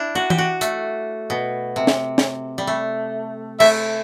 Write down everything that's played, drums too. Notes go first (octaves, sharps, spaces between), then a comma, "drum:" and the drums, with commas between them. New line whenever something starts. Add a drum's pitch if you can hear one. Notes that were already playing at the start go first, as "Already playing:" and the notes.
Already playing: D4 E4
F#4
G4, drum: tom E3
F#4
A3, drum: hi-hat
B2
C3
drum: snare
drum: snare
G3
A3
A3 E5, drum: cymbal